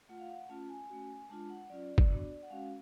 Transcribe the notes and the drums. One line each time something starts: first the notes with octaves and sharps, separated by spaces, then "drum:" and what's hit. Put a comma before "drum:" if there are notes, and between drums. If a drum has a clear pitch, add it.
A3 F4 F#5
F5
F#5
A3 C#4 F4 A5
G#5
A3 C#4 F#4
G#3 D4 F4 A5
F#5
F#3 C#4 F4 D5
drum: kick G1
B3 D4 F#4
F#5
G#3 C#4 F#4 F5